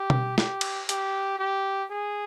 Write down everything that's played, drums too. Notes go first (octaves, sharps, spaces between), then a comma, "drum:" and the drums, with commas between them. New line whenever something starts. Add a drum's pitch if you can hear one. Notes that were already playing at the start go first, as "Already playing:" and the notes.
Already playing: G4
drum: tom B2
G4, drum: snare
drum: cymbal
G4, drum: hi-hat
G4
G#4